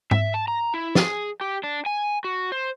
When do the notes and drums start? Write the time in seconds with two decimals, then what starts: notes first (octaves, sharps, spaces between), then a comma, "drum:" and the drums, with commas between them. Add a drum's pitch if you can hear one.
0.11 E5, drum: tom G#2
0.34 A5
0.48 A#5
0.74 E4
0.95 G#4, drum: snare
1.41 G4
1.63 D4
1.86 G#5
2.24 F#4
2.52 C5